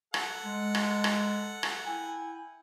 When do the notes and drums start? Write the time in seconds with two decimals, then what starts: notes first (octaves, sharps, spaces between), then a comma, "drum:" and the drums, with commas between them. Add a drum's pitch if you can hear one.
0.14 A4 F#5, drum: rim click
0.45 G#3
0.75 drum: rim click
1.04 drum: rim click
1.63 drum: rim click
1.86 E4 G5 G#5